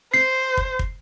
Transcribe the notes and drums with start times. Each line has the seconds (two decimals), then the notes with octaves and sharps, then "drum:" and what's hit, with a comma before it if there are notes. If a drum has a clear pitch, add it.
0.14 C5 C7
0.57 drum: kick
0.79 drum: kick